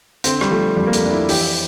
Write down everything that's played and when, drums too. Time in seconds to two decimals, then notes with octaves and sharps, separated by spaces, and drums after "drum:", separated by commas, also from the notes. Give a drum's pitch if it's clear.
0.24 D3 C4, drum: hi-hat
0.41 G3, drum: rim click
0.51 F3 A3
0.76 F2 G3
0.86 A#3
0.93 A3, drum: hi-hat
1.03 F2 D4
1.11 E4
1.29 E3 G4, drum: open hi-hat